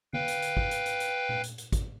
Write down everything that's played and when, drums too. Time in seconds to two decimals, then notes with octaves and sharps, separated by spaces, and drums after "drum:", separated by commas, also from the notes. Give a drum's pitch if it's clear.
0.13 B4 F5 G5, drum: tom D3
0.28 drum: hi-hat
0.42 drum: hi-hat
0.57 drum: kick
0.71 drum: hi-hat
0.86 drum: hi-hat
1.00 drum: hi-hat
1.29 drum: tom A#2
1.44 drum: hi-hat
1.58 drum: hi-hat
1.72 drum: kick, hi-hat